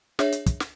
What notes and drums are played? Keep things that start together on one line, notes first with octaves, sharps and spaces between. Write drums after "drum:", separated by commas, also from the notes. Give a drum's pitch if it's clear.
D4 G#4 C#5 E5, drum: snare
drum: hi-hat
drum: kick, hi-hat
drum: snare